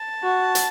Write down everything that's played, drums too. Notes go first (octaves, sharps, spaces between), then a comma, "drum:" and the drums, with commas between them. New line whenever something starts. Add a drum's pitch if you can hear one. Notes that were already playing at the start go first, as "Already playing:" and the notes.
Already playing: A5
F#4
drum: hi-hat